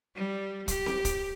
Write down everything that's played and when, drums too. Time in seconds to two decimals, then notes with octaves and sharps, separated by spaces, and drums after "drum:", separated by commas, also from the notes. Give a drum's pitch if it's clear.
0.16 G3
0.68 G4, drum: kick, hi-hat
0.86 drum: snare C4
1.05 drum: kick, hi-hat